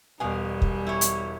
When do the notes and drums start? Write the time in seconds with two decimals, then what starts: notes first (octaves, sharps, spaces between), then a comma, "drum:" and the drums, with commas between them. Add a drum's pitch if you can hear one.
0.20 E1 B2 G3 F5 G#5
0.62 drum: kick
0.86 E4 C#5
1.01 drum: hi-hat